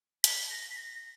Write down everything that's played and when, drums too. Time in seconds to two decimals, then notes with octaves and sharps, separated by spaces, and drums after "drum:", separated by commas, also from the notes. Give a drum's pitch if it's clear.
0.24 B6, drum: hi-hat
0.50 A#6
0.70 B6
0.76 A#6